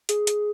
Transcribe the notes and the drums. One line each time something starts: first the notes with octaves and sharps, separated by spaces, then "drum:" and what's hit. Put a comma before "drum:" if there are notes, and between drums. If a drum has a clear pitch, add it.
G#4, drum: hi-hat
drum: hi-hat